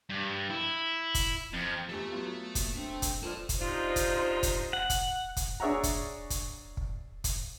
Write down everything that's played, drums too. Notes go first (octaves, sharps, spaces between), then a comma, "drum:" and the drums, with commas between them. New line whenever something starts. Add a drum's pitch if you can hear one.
G2
E4
drum: kick, hi-hat
F2
E2 F3 G4 A4 E5
F#3 B3 F4
A#3
drum: kick, hi-hat
C4 D4
drum: kick, hi-hat
G3 E4 F4 A4 C5 D5 A5
drum: kick, hi-hat
C3 D4 D#4 F4 C5
drum: kick, hi-hat
drum: kick, hi-hat
F#5
drum: kick, hi-hat
drum: kick, hi-hat
D4 G#4 C#5 E5 F#5 A#5
drum: kick, hi-hat
drum: kick, hi-hat
drum: kick
drum: kick, hi-hat